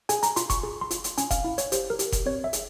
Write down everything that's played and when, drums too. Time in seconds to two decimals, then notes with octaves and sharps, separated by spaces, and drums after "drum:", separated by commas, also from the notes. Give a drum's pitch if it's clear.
0.09 G#4 G#5, drum: hi-hat
0.23 A#5, drum: hi-hat
0.36 F4 C6, drum: hi-hat
0.50 C#6, drum: kick F1, hi-hat
0.63 G#4
0.81 C6
0.91 F4, drum: hi-hat
1.04 drum: hi-hat
1.18 C#4 G#5, drum: hi-hat
1.31 F5, drum: kick F1, hi-hat
1.44 E4
1.58 C#5, drum: hi-hat
1.72 G4 C5, drum: hi-hat
1.90 A#4
1.99 G4, drum: hi-hat
2.12 drum: kick F1, hi-hat
2.26 C4 C#5
2.44 E5
2.53 G#4, drum: hi-hat